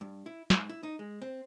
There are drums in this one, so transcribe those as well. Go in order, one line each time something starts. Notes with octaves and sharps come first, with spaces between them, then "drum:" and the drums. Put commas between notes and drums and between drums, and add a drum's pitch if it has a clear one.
G2
E4
G#2, drum: snare
E4
D#4
G#3
C4